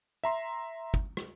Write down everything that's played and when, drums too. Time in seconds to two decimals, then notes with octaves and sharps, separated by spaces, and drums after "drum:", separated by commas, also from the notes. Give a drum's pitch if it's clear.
0.24 E5 A#5 C6
0.94 drum: kick
1.17 drum: rim click